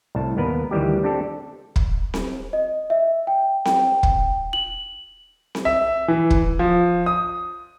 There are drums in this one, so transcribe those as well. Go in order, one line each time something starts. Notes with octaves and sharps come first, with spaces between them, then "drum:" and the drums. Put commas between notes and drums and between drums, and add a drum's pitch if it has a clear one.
C2 A2 A5
D#2 B3 A#4 B4
D2 D#3 E3 G3 G4
C4 D4 G4 A4
drum: kick
drum: snare C4
D#5
E5
G5
G5, drum: snare C4
drum: kick
F#7
drum: snare C4
E5
E3
drum: kick
F3
D#6